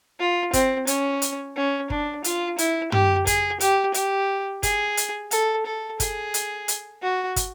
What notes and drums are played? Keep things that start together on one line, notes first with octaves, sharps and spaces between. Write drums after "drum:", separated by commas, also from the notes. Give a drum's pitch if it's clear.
F4
C4, drum: kick, hi-hat
C#4, drum: hi-hat
drum: hi-hat
C#4
D4, drum: kick
F4, drum: hi-hat
E4, drum: hi-hat
G4, drum: tom
G#4, drum: kick, hi-hat
G4, drum: hi-hat
G4, drum: hi-hat
G#4, drum: kick, hi-hat
drum: hi-hat
A4, drum: hi-hat
A4
G#4, drum: kick, hi-hat
drum: hi-hat
drum: hi-hat
F#4
drum: kick, hi-hat